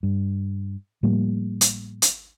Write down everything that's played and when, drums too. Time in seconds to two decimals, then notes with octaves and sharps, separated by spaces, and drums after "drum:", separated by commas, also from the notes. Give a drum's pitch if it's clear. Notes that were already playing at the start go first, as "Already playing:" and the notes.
0.03 G2
1.03 A2 F3 G3 A#3
1.61 drum: hi-hat
2.02 drum: hi-hat